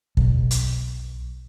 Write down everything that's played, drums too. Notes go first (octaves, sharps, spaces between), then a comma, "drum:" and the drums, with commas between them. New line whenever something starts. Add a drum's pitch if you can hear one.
B1, drum: kick
drum: hi-hat